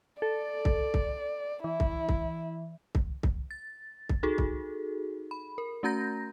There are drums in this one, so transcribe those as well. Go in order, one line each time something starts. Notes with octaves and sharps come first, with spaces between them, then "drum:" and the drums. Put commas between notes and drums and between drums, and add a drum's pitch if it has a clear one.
A4 D5
drum: kick C2
drum: kick C2
E3 E4
drum: kick C2
drum: kick C2
drum: kick C2
drum: kick C2
A6
drum: kick C2
D#4 F#4 G#4 A4
drum: kick C2
B5
A#4
A3 C#4 F#4 A#5 G6 A#6